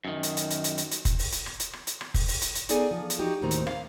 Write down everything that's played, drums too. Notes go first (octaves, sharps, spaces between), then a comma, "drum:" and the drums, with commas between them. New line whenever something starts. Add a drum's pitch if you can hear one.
F#2 D#3
drum: hi-hat
drum: hi-hat
drum: hi-hat
drum: hi-hat
drum: hi-hat
drum: hi-hat
drum: kick F1, hi-hat
drum: open hi-hat
drum: hi-hat
drum: rim click
drum: hi-hat
drum: rim click
drum: hi-hat
drum: rim click
drum: kick F1, open hi-hat
drum: open hi-hat
drum: hi-hat
drum: hi-hat
B3 D#4 G#4 A4 D5 G#5, drum: hi-hat
E3 F3
drum: hi-hat
D#4 F#4 G4
D#2 A2 D#3 C4 A#5
drum: hi-hat
F5, drum: rim click